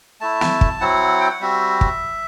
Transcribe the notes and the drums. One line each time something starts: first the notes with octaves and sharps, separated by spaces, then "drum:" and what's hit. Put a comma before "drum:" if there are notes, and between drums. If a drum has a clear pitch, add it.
A3 E4 A5
drum: snare
drum: kick
F#3 C4 E4 F#5
G5
F#5
G3 C4 F#4 E5
drum: kick